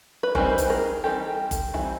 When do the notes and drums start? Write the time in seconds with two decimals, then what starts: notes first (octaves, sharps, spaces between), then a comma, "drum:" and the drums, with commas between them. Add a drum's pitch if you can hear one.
0.23 B4
0.35 E3 G3 C4 D#4 A#4 C5, drum: kick F#1
0.58 drum: hi-hat
0.70 G#4 A#4
1.04 E3 G3 C4 D#4 G4 A4
1.51 drum: kick F#1, hi-hat
1.74 E3 G3 C4 D#4 E4